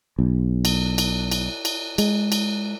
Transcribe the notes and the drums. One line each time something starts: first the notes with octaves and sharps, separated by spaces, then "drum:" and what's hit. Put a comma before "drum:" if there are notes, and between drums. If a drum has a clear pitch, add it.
B1
drum: cymbal
drum: cymbal
drum: cymbal
drum: cymbal
G#3, drum: cymbal
drum: cymbal